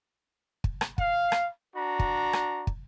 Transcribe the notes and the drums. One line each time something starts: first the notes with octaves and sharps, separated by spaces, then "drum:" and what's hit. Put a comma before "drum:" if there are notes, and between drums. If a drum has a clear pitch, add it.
drum: kick
drum: rim click
F5, drum: kick
drum: rim click
D4 F#4 A#5
drum: kick
drum: rim click
drum: kick